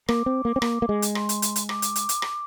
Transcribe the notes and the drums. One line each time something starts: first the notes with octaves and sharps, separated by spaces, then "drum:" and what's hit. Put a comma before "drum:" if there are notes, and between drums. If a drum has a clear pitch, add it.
A#3 D6, drum: rim click
C4
A#3
C4
A#3, drum: rim click
A#3
G#3
drum: hi-hat
C6, drum: rim click
drum: hi-hat
drum: hi-hat
drum: hi-hat
D6, drum: rim click
drum: hi-hat
drum: hi-hat
drum: hi-hat
drum: rim click